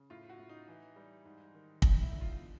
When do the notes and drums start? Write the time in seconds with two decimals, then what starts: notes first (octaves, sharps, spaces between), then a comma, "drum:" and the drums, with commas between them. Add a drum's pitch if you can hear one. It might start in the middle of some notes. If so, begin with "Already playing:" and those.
Already playing: C#3
0.10 A2 F4
0.30 F#4
0.39 A2
0.49 D#4
0.68 E3
0.96 G3
1.25 G#2
1.55 D#3
1.82 G3 D#4, drum: kick
2.01 E4
2.11 D3
2.21 F4
2.40 B2